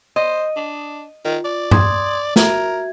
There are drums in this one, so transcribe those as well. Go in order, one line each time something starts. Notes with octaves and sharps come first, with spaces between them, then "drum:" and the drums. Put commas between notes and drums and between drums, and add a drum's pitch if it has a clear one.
C5 D#5
D4
D#3 F4
D5
C6 D#6 G#6, drum: tom G2
F#4 A#4 E5 G#6, drum: snare